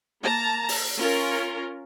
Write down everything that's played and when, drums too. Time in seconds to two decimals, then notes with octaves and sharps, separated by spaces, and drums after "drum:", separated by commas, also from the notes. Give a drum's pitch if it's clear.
0.21 A#3 A5 A#5
0.69 drum: open hi-hat
0.97 C#4 F4 A#4